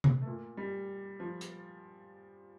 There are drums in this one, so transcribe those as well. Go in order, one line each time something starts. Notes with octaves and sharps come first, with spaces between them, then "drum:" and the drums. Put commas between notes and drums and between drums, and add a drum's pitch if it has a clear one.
drum: tom
A3
A#2 A#3
G3
F3
drum: hi-hat